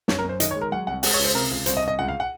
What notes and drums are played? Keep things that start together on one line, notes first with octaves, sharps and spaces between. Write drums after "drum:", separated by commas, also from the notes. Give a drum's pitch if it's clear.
F#2 C#5, drum: snare
A#4
F#2 C5
D#3 D#5, drum: hi-hat
C#5
G#3
A#4
F#3 F#5
C2 F#5
G#3 F#5, drum: open hi-hat
C#5
C#2
C5
C3 A#4
C#2
C2 C5, drum: hi-hat
D#5
C2
D#5
C#2 F#5
F5
F#5